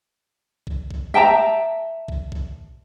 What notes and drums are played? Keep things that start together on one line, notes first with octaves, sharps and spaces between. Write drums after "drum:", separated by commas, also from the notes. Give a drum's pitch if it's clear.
drum: kick
drum: kick
E5 G5 A5 A#5
drum: kick
drum: kick